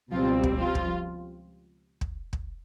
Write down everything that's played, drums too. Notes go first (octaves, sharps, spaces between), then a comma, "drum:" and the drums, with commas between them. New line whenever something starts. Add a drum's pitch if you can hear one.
C#2 B2 F3 G3 C4 F4
drum: kick
F3 F4
drum: kick
drum: kick
drum: kick